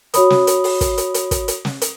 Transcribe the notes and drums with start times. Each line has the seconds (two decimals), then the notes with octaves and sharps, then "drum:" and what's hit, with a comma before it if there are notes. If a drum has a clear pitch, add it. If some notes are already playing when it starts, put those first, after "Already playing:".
0.14 F#4 C#5 B5 D#6, drum: hi-hat
0.30 drum: snare
0.47 drum: hi-hat
0.64 drum: open hi-hat
0.81 drum: kick, hi-hat
0.98 drum: hi-hat
1.14 drum: hi-hat
1.31 drum: kick, hi-hat
1.48 drum: hi-hat
1.65 drum: snare
1.82 drum: hi-hat